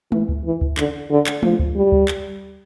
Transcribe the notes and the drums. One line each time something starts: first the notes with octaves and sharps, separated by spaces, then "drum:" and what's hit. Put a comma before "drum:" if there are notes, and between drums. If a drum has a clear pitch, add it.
E3, drum: tom G#3
drum: kick D2
E3
drum: kick D2
D3, drum: clap
D3
drum: clap
F3, drum: tom G#3
drum: kick D2
G3
drum: kick D2
drum: clap